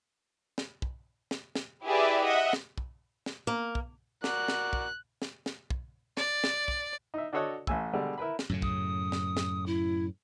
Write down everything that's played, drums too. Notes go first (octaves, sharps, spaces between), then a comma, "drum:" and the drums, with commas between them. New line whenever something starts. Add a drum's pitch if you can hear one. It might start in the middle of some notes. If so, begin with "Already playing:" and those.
drum: snare
drum: kick
drum: snare
drum: snare
E4 G4 G#4 B4 D5 E5
D#5 E5 F#5
drum: snare
drum: kick
drum: snare
A#3
drum: kick
F#4 A#4 D5 F#6, drum: snare
drum: snare
drum: kick
drum: snare
drum: snare
drum: kick
D5, drum: snare
drum: snare
drum: kick
D#4 E5
D4 F#4 A4 C#5 D#5 F#5
A1 A3 G#5 E6, drum: kick
B2 D3 G3 G#3
E4 A#4 B4 B5
drum: snare
F#2 A2 C#3
D#6, drum: kick
drum: snare
drum: snare
E4